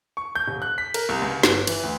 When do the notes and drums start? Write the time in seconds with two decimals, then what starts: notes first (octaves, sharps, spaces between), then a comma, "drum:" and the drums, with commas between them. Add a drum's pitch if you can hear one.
0.17 C#6
0.35 G6
0.48 D#1
0.62 F#6
0.78 B6
0.94 A#4, drum: cymbal
1.09 C2
1.22 C#2
1.43 G1, drum: snare
1.67 E3, drum: cymbal
1.83 D2